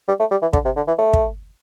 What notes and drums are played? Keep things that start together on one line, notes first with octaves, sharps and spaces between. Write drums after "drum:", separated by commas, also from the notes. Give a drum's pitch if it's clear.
G3
A3
G3
E3
D3, drum: kick
C3
D3
E3
A3
drum: kick